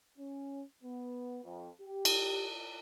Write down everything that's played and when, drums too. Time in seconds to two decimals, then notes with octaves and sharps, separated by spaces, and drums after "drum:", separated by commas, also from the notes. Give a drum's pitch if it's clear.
0.18 C#4
0.83 B3
1.44 F2
1.81 G4
2.05 drum: cymbal